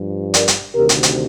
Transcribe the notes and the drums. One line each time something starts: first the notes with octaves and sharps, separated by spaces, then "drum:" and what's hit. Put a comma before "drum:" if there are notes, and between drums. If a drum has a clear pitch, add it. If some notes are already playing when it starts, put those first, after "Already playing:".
Already playing: G2 F3
A#4 D5, drum: hi-hat
drum: hi-hat
D2 C3 D#3 G4 A#4
drum: hi-hat
drum: hi-hat